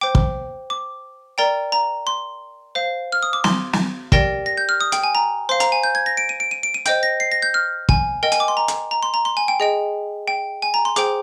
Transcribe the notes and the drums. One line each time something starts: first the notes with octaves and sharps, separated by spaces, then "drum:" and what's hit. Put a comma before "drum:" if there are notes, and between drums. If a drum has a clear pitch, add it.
C5 G5 D6
drum: kick
D6
A#4 D5 G5 A#5
A#5
C6
C5 F5
F6
D#6
D6
C6, drum: snare
drum: snare
G4 A#4 D5 G5 A#6, drum: kick
A#6
G6
F6
D#6
G5, drum: hi-hat
G#5
A#5
C5 F5 C6
A#5, drum: hi-hat
G#5
G6
G#6
A#6
D7
D#7
D7
D#7
D7
D#7
C5 D#5 G5 G6, drum: hi-hat
A#6
C7
A#6
G6
F6
G#5, drum: kick
A#4 D#5 G5
G#5, drum: hi-hat
D6
C6
A#5
drum: hi-hat
A#5
C6
A#5
C6
G#5
G5
G#4 D#5 G5
G5
G#5
A#5
C6
G#4 C5 G5 D6, drum: hi-hat